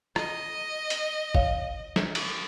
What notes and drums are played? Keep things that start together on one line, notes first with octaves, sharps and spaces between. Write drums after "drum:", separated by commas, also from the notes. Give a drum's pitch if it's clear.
D#5, drum: rim click
drum: hi-hat
C#5 F5, drum: kick G1
drum: snare
drum: cymbal